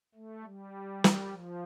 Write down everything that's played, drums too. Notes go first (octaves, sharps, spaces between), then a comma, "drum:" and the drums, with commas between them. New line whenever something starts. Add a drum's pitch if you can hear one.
A3
G3
drum: snare
F3